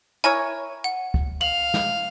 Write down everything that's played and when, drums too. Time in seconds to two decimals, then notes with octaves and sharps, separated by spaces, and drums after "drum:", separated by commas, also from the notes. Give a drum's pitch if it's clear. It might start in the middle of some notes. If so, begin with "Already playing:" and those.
0.24 E4 A#4 C#5 G#5
0.84 F#5
1.14 drum: kick
1.41 F5 F#7
1.74 drum: snare